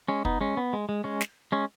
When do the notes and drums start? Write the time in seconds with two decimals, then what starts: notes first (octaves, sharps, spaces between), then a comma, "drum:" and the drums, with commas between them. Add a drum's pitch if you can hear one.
0.08 G#3 C#4
0.25 B3 D#4, drum: kick
0.41 G#3 C#4
0.57 B3
0.73 G#3
0.89 G#3
1.04 G#3 C#4
1.21 drum: snare
1.52 G#3 C#4